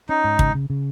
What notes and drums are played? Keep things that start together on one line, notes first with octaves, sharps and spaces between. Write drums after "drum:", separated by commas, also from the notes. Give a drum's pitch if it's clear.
C#4 D#4
G#2
C#3, drum: kick
C#3
C#3